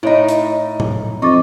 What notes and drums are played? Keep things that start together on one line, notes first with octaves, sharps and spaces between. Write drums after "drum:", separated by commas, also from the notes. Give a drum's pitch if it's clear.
A2 D#4 E4 C#5 D#5
drum: hi-hat
drum: tom A2
F2 D#4 C#6 D6 A6